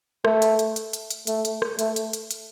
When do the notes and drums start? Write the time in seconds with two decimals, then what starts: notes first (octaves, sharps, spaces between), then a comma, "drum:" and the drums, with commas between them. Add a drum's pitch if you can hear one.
0.25 A3, drum: rim click
0.42 drum: hi-hat
0.59 drum: hi-hat
0.76 drum: hi-hat
0.93 drum: hi-hat
1.10 drum: hi-hat
1.27 A3, drum: hi-hat
1.45 drum: hi-hat
1.62 drum: rim click
1.79 A3, drum: hi-hat
1.96 drum: hi-hat
2.13 drum: hi-hat
2.31 drum: hi-hat